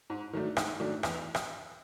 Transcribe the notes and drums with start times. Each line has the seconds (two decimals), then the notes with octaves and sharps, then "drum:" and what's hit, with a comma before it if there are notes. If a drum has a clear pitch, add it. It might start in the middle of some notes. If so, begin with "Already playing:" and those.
0.10 G#2
0.33 D#3 F#3 A3 D4
0.57 G#2, drum: rim click
0.80 D#3 F#3 A3 D4
1.03 E2, drum: rim click
1.35 drum: rim click